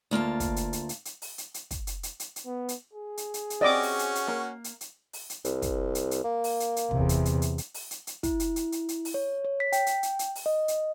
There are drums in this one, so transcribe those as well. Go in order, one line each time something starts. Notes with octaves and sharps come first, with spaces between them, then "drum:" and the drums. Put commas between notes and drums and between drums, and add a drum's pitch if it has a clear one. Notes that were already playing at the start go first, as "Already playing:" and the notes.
D2 A#3 F4 A5
drum: kick, hi-hat
drum: hi-hat
drum: hi-hat
drum: hi-hat
drum: hi-hat
drum: open hi-hat
drum: hi-hat
drum: hi-hat
drum: kick, hi-hat
drum: hi-hat
drum: hi-hat
drum: hi-hat
drum: hi-hat
B3
drum: hi-hat
G#4
drum: hi-hat
drum: hi-hat
drum: hi-hat
C4 C#4 F#4 G4 D5 D#5 D6
drum: open hi-hat
drum: hi-hat
drum: hi-hat
A#3
drum: hi-hat
drum: hi-hat
drum: open hi-hat
drum: hi-hat
C2, drum: hi-hat
drum: kick, hi-hat
drum: hi-hat
drum: hi-hat
A#3
drum: open hi-hat
drum: hi-hat
drum: hi-hat
E2 C3, drum: kick
drum: hi-hat
drum: hi-hat
drum: hi-hat
drum: hi-hat
drum: open hi-hat
drum: hi-hat
drum: hi-hat
E4, drum: kick, hi-hat
drum: hi-hat
drum: hi-hat
drum: hi-hat
drum: hi-hat
drum: open hi-hat
C#5
C#5
B6
G5, drum: hi-hat
drum: hi-hat
drum: hi-hat
drum: hi-hat
drum: open hi-hat
D#5
drum: hi-hat